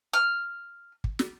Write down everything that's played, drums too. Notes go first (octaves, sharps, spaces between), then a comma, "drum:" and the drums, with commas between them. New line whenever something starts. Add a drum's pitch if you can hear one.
F6
drum: kick
drum: snare